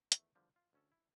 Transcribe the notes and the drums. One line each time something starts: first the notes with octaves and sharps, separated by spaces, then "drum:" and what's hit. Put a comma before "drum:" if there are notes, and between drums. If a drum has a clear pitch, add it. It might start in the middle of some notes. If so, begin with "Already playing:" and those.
E2 D#3 A3 E5, drum: hi-hat
E2 D3 F3 G3
F4
D2 C#4 A4
E4